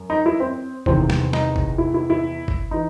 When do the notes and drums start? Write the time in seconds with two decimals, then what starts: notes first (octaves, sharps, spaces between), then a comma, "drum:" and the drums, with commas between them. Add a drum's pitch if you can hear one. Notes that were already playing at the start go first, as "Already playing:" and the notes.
Already playing: F#2
0.10 D#4
0.26 E4
0.40 C4
0.86 E2 C3 D#3 C4, drum: kick G1
1.10 drum: snare
1.33 D#4, drum: snare
1.56 drum: kick G1
1.78 E4
1.94 E4
2.10 E4
2.48 drum: kick G1
2.71 E3 D#4